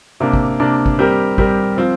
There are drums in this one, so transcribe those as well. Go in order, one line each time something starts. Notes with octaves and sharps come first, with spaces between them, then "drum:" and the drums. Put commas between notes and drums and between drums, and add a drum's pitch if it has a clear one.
C3 A#3 D4
drum: kick
C3 A#3 D4
drum: kick
G3 C4 G4 A#4
G3 C4 G4 A#4, drum: kick
F3 C4 F4